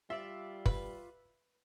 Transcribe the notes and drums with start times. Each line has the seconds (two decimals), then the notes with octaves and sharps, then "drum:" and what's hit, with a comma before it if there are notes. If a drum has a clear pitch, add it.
0.10 G3 F4 D5 E5
0.66 B4, drum: kick